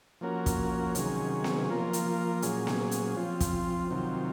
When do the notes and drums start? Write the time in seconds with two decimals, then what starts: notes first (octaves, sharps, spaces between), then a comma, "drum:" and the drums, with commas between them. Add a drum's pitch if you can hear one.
0.21 F3 A#3 C#4 F#4 A#4
0.46 drum: kick, hi-hat
0.95 C3 D#3 F#3 C#4 G#4, drum: hi-hat
1.44 drum: snare B3
1.69 F3 A#3 F4 A#4
1.93 drum: hi-hat
2.42 A#2 F#3 C#4 G#4, drum: hi-hat
2.67 drum: snare B3
2.91 drum: hi-hat
3.16 F3 C4 F4
3.40 drum: kick, hi-hat
3.90 C3 D#3 F#3 C4 F4